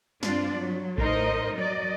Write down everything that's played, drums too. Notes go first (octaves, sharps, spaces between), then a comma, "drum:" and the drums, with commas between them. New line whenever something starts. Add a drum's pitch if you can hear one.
G2 C4 D4 F4 D5, drum: snare
F#3
A2 D#4 A#4 C5 D#5, drum: kick A#1
F#3 D5 D#5